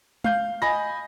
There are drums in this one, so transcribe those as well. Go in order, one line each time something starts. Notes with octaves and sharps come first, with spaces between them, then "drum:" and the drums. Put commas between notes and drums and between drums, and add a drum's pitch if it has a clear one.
F5 G6, drum: tom
D#5 G#5 B5 A#6